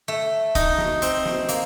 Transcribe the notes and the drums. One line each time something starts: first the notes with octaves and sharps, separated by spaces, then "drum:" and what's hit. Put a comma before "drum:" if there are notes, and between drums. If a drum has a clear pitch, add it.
A3
D#4, drum: kick, hi-hat
drum: snare
C4, drum: hi-hat
drum: snare
A#3, drum: hi-hat